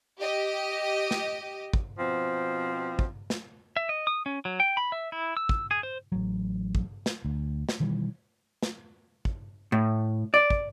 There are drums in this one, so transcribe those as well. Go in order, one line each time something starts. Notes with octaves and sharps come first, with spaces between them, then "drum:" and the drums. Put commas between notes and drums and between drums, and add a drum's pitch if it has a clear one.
G4 D#5
drum: snare
drum: kick
B2 F3 C4
drum: kick
drum: snare
E5
D#5
D#6
C#4
F#3
G5
B5
E5
E4
E6
drum: kick
G#4
C5
A1 F#3
drum: kick
drum: snare
D2
drum: snare
B2 D#3 E3 G3
drum: snare
drum: kick
A2
D5
drum: kick